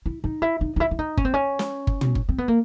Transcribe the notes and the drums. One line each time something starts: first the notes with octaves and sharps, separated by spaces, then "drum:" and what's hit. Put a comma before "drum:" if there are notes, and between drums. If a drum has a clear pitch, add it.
E4
D#4
E4
D#4
D#4
E4
E4
D#4
C#4, drum: kick G1
C4
C#4
drum: snare
drum: kick G1
drum: tom
drum: kick G1
C4
B3
A#3